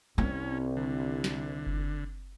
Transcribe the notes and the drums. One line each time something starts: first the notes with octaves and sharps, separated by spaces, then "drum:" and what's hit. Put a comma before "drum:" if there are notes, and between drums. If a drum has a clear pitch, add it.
C2 C4 C#4
D3
drum: snare
drum: kick F#1